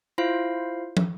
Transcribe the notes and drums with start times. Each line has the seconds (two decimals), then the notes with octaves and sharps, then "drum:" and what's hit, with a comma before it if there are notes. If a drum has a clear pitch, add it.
0.18 E4 F4 C5 F5
0.97 drum: tom